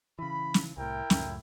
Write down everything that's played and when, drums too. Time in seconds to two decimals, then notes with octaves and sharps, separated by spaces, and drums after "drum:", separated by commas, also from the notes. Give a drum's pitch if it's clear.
0.19 C#3 E3 B5
0.54 drum: snare
0.77 C2 A2 E4 A#4 G5
1.10 C#2 F#2 A2, drum: snare